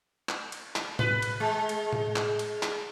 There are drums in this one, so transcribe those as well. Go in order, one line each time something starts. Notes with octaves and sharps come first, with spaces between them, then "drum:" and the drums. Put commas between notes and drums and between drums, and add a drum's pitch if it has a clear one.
drum: clap
drum: cymbal
drum: clap
B4, drum: tom A2
drum: cymbal
G#3
drum: cymbal
drum: tom A2
drum: clap
drum: cymbal
drum: clap